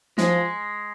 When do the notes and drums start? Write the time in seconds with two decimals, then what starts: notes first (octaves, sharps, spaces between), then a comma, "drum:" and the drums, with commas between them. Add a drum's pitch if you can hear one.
0.18 F3 G#3, drum: snare